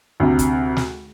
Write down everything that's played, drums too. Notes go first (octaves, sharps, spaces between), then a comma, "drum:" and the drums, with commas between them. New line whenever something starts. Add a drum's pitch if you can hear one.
D2 C3
drum: kick, hi-hat
drum: snare